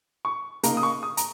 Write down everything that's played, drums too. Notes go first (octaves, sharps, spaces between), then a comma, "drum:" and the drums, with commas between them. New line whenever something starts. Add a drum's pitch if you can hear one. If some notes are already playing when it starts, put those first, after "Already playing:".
C#6
C#3 A#3 D#4 A#5, drum: hi-hat
D#6
C#6
D#6
A#5, drum: hi-hat